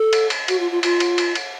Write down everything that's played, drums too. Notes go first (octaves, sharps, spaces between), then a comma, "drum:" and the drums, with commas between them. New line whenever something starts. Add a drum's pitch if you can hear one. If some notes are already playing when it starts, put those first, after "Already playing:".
Already playing: A4
drum: cymbal
drum: cymbal
F#4, drum: cymbal
F4
F4
F4, drum: cymbal
drum: cymbal
drum: cymbal
drum: cymbal